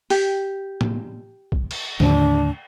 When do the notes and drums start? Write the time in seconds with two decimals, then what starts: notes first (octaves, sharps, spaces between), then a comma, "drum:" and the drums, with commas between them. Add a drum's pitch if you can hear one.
0.10 G4, drum: open hi-hat
0.81 drum: tom
1.52 drum: kick
1.71 drum: cymbal
2.00 D#2 A2 D3 D4, drum: snare